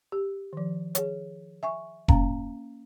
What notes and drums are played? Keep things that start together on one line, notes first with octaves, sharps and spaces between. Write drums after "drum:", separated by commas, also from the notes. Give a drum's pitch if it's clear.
G4
D#3 F3
G#4 C#5, drum: hi-hat
E5 G#5 C#6
A#3 C#4 F5 A#5, drum: kick F1